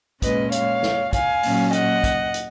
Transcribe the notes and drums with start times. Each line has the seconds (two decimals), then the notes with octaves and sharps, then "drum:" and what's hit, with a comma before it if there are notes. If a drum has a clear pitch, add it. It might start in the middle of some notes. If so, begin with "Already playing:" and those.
0.22 A#2 G#3 C#4 B4 D#5, drum: kick, hi-hat
0.52 C#5 F5, drum: hi-hat
0.83 drum: snare
1.13 F5 G#5, drum: kick, hi-hat
1.43 A#2 F#3 C#4, drum: open hi-hat
1.73 D#5 F#5, drum: hi-hat
2.04 drum: kick, hi-hat
2.34 drum: hi-hat